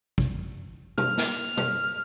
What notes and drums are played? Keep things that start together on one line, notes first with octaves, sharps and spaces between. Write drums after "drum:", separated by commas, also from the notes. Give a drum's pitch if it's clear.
drum: kick
F6, drum: tom B2
drum: snare
drum: tom B2